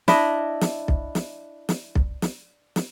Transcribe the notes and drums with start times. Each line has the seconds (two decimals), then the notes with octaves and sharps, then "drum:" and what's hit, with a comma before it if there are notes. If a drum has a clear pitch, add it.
0.08 D4 E4 D#5, drum: snare
0.61 drum: snare
0.88 drum: kick B1
1.15 drum: snare
1.69 drum: snare
1.95 drum: kick B1
2.22 drum: snare
2.76 drum: snare